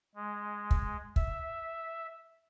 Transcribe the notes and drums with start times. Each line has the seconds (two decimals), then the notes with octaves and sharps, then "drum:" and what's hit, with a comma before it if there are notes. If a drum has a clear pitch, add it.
0.15 G#3
0.71 drum: kick
1.16 E5, drum: kick